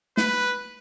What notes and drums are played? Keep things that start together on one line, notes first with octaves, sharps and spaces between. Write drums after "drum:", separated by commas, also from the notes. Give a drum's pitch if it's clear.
B4, drum: snare